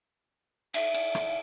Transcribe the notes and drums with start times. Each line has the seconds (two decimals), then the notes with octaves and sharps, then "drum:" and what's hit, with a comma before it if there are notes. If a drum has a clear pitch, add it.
0.74 E5, drum: cymbal
0.94 drum: cymbal
1.15 drum: rim click